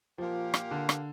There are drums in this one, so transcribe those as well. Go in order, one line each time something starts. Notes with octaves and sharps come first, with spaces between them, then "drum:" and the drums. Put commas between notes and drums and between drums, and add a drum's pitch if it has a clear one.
A#2 F3 A#3 G4
drum: rim click
D3
drum: rim click